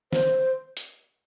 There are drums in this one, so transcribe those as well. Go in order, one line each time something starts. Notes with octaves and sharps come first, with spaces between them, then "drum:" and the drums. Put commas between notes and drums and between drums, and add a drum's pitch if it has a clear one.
C5, drum: snare
drum: hi-hat